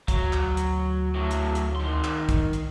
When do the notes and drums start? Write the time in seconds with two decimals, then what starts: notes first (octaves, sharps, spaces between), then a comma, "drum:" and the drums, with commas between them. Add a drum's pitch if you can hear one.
0.08 D2 F#3, drum: kick, hi-hat
0.33 drum: clap
0.57 drum: hi-hat
1.15 A2 F#3
1.31 drum: hi-hat
1.55 drum: hi-hat
1.76 D#3 C6
2.04 drum: clap
2.29 drum: kick, hi-hat
2.53 drum: hi-hat